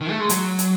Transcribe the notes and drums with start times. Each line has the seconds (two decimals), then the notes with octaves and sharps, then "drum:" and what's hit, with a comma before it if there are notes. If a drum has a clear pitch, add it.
0.01 D#3
0.10 A3
0.20 G#3
0.29 F#3, drum: hi-hat
0.59 drum: hi-hat